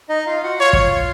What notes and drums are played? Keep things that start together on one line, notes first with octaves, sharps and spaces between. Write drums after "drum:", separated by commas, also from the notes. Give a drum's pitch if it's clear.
D#4 D#5
F4 F5
F#4 F#5
F4 C#5 F5
drum: kick